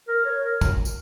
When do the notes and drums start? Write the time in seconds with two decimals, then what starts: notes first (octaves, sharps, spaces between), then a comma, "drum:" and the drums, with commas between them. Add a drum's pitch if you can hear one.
0.08 A#4
0.25 C#5
0.44 A#4
0.61 drum: kick, tambourine
0.85 drum: tambourine